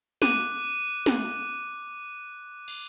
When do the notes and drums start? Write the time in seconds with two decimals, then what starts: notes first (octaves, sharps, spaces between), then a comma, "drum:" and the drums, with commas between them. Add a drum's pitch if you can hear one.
0.22 D6 F#6 D#7, drum: snare
1.06 drum: snare
2.68 drum: cymbal